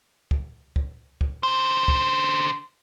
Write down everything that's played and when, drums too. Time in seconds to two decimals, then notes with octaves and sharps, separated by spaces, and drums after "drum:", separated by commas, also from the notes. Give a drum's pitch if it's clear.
0.31 drum: kick C#2
0.76 drum: kick C#2
1.21 drum: kick C#2
1.43 D3 C5
1.88 drum: kick C#2